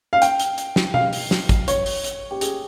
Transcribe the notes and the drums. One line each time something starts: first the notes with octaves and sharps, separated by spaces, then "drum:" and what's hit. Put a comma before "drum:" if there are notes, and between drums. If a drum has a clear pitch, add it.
F5
G5, drum: hi-hat
drum: hi-hat
drum: hi-hat
drum: snare
F5, drum: tom
drum: open hi-hat
drum: snare
drum: kick, hi-hat
C#5, drum: hi-hat
drum: open hi-hat
drum: hi-hat
G4
G#4, drum: hi-hat